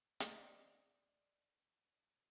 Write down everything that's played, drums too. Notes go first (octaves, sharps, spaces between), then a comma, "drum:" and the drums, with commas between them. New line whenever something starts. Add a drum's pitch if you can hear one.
C5 D5 D#5, drum: hi-hat